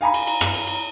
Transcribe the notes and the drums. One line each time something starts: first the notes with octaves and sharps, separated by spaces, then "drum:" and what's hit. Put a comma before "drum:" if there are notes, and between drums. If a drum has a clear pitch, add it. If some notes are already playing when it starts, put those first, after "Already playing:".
F5 G#5 A#5 B5
drum: cymbal
drum: cymbal
drum: rim click
drum: cymbal
drum: cymbal